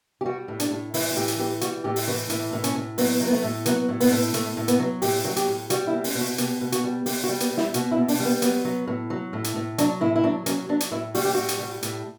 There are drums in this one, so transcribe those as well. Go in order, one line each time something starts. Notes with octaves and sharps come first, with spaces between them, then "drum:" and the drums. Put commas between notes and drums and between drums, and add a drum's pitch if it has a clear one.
G4
G3 F#4
A2
D4, drum: hi-hat
A2
E3 E4, drum: open hi-hat
F#4
A2 G4
drum: hi-hat
E3 G4
G3 F#4, drum: hi-hat
A2 G4
drum: open hi-hat
E3 F#4
A2 E4, drum: hi-hat
A2
C#4, drum: hi-hat
A2
F#3 B3, drum: open hi-hat
F#3
B3
A3
A2
F#3 B3, drum: hi-hat
A2
B3, drum: open hi-hat
A2
A2 A3, drum: hi-hat
A2
B3, drum: hi-hat
F#3
A2 G4, drum: open hi-hat
F#3 F#4
G4, drum: hi-hat
A2
G3 F#4, drum: hi-hat
E4
B2
C#4, drum: open hi-hat
B2
F#4
B2 G4, drum: hi-hat
B2
F#4, drum: hi-hat
G3
G3 G4, drum: open hi-hat
F#4
G3
B3, drum: hi-hat
B2
E4, drum: snare
B2 F#4, drum: hi-hat
E4
B2
D4, drum: open hi-hat
G3
B3
F#3 B3, drum: hi-hat
F#3
A2
F#3
A2
drum: hi-hat
A2
F#3 D4, drum: hi-hat
A2 E4
E4
F#3 D4
F#3 C#4, drum: hi-hat
F#3 D4
drum: hi-hat
A2 E4
G3 F#4, drum: open hi-hat
G4
A2 F#4
drum: hi-hat
G3
A2, drum: hi-hat